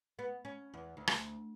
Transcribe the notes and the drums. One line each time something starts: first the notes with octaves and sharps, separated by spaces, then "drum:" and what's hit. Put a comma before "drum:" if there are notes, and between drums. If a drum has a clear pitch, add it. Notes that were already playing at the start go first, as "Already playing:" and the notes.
B3
C#4
E2
D2
drum: rim click